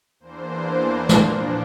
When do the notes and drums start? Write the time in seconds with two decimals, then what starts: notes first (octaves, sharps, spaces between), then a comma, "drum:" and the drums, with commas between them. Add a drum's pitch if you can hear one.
0.19 E2 E3 A#3 D4 C5
1.09 A#2 F3 A#3 D4, drum: snare